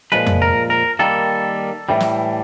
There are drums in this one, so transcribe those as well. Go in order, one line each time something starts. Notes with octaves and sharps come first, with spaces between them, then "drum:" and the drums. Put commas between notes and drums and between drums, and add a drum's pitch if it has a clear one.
A#2 F3 G#3 B4
drum: tom F2
A#4
A#4
D#3 G3 A#3 A4
A2 E3 G3
drum: snare